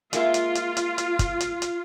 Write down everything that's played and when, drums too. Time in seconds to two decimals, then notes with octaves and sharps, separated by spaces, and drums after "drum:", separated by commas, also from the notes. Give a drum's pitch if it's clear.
0.13 G#3 A#3 F4 E5, drum: hi-hat
0.34 drum: hi-hat
0.55 drum: hi-hat
0.77 drum: hi-hat
0.98 drum: hi-hat
1.19 drum: kick, hi-hat
1.40 drum: hi-hat
1.62 drum: hi-hat